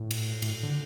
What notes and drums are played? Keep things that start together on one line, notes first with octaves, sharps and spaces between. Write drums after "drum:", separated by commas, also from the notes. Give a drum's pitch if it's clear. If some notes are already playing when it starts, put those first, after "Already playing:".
Already playing: A2
drum: cymbal
A2, drum: cymbal
D3